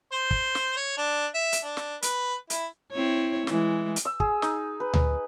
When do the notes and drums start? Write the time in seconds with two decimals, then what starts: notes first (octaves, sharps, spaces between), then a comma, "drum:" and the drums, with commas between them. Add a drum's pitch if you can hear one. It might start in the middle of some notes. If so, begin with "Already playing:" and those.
0.12 C5
0.31 drum: kick
0.55 drum: snare
0.77 C#5
0.97 D4
1.34 E5
1.52 drum: hi-hat
1.64 D4
1.77 drum: snare
2.02 B4, drum: hi-hat
2.50 E4, drum: hi-hat
2.92 C4 E4 C#5
3.47 E3 G#3, drum: snare
3.96 drum: hi-hat
4.05 E6
4.20 G#4, drum: kick
4.42 D#4, drum: snare
4.80 B4
4.94 drum: tom D2